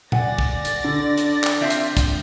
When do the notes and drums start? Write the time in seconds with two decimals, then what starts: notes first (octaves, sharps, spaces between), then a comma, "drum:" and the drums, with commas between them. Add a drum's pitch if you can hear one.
0.12 D5 F#5 G#5 A6 A#6, drum: tom A#2
0.38 drum: kick
0.65 drum: hi-hat
0.84 D3
1.18 drum: hi-hat
1.44 drum: clap
1.61 F3 C4 E5
1.70 drum: hi-hat
1.97 drum: kick, hi-hat